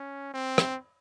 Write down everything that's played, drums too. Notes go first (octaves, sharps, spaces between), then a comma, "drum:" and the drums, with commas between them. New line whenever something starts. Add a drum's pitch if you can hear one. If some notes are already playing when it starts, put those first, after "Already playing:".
Already playing: C#4
C4
drum: rim click